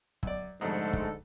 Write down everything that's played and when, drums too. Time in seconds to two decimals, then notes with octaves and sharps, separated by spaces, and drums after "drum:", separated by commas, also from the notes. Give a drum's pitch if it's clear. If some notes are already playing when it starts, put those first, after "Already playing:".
0.23 F#2 D5, drum: kick
0.61 C2 F2 G#2 D3 G#3 A3 A4
0.93 drum: kick